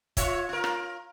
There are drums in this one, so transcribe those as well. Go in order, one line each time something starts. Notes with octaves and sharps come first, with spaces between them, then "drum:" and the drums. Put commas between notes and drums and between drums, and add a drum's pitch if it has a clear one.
F4 C#5 E5, drum: kick, hi-hat
F4 A#4
drum: rim click